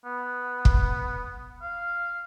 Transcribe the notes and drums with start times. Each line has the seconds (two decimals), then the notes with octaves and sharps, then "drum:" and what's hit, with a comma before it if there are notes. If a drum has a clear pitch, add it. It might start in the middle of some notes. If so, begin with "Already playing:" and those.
0.05 B3
0.65 drum: kick
1.62 F5